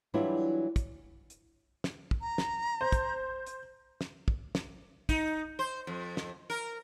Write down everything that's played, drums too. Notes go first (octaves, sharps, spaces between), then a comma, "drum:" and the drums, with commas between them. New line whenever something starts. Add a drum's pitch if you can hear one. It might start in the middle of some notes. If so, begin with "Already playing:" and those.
E3 F#3 G3 D4 E4 F4
drum: kick, hi-hat
drum: hi-hat
drum: snare
drum: kick
A#5
drum: snare
C5
drum: kick, hi-hat
drum: hi-hat
drum: snare
drum: kick
drum: snare
D#4, drum: kick, hi-hat
C5
F2
drum: snare
A#4